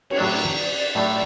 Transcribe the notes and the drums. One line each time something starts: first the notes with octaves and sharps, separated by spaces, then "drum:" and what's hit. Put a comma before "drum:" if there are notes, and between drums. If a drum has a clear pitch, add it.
C#5, drum: cymbal
A2 F#3 A3 D4 D5
A2 F#3 A3 D4